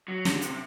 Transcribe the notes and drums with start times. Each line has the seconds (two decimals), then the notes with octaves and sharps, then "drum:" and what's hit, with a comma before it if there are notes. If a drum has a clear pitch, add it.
0.08 F#3
0.25 D3, drum: snare
0.41 C3, drum: hi-hat